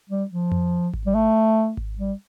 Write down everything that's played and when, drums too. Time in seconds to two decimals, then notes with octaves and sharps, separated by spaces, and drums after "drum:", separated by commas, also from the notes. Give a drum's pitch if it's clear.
0.10 G3
0.30 F3
0.52 drum: tom F2
0.94 drum: kick G#1
1.06 G3
1.15 A3
1.77 drum: kick G#1
1.98 G3